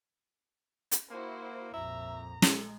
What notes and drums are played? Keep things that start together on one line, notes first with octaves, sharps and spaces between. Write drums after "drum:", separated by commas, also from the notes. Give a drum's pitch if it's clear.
drum: hi-hat
A#3 E4 F#4 C5
A#1 F2 E5 A#5
G#3 A4, drum: snare